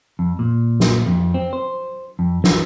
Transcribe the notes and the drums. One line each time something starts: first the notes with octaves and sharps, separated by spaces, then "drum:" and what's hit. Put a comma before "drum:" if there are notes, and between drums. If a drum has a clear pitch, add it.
F2
A#2
drum: snare
F2
C4
C5
F2
E3, drum: snare